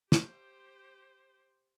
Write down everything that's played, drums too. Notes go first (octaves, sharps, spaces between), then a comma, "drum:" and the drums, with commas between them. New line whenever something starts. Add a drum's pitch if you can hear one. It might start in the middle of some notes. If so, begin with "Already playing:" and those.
G4 C5, drum: snare